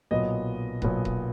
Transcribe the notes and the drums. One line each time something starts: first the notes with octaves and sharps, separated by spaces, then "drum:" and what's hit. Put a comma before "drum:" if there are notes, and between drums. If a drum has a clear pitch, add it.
B1 A#2 F#3 B3 D#5
B1 A#2 F#3 B3, drum: kick D#1
drum: kick D#1